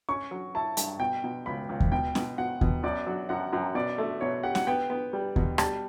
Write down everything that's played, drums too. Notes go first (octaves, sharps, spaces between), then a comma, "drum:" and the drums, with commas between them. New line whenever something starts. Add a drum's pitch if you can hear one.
C#4 C#6
F#3
E4 A5
G2, drum: hi-hat
B2 G5
B2
C#2 B5
C#2
drum: kick D#2
B2 G5
B2, drum: snare C#4
B2 F#5
B2, drum: kick D#2
F#2 D5
F#3
F#2 F#5
F#2
B2 D5
A3
B2 C#5
G4 F#5
F#5, drum: snare C#4
B3 G5
B3
G3
B2, drum: kick D#2
G3 A5, drum: rim click